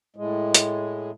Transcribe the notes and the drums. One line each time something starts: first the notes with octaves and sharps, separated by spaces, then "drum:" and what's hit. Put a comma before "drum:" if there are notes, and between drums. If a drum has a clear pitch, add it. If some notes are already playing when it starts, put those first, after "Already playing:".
A2 G#3
drum: hi-hat